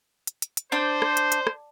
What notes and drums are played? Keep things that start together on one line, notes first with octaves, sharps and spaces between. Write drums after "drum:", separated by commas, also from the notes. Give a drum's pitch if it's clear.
drum: hi-hat
drum: hi-hat
drum: hi-hat
D4 C5
drum: rim click
drum: hi-hat
drum: hi-hat
drum: rim click